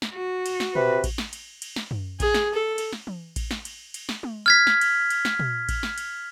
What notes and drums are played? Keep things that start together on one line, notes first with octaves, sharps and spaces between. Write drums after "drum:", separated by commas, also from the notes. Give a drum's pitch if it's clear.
drum: snare
F#4
drum: cymbal
drum: snare
C3 B4, drum: tom A#2
drum: kick A1, cymbal
drum: snare
drum: cymbal
drum: cymbal
drum: snare
drum: tom F#2
G#4, drum: kick A1, cymbal
drum: snare
A4
drum: cymbal
drum: snare
drum: tom E3
drum: kick A1, cymbal
drum: snare
drum: cymbal
drum: cymbal
drum: snare
drum: tom G#3
F6 G#6 B6
drum: snare
drum: cymbal
drum: cymbal
drum: snare
drum: tom A#2
drum: kick A1, cymbal
drum: snare
drum: cymbal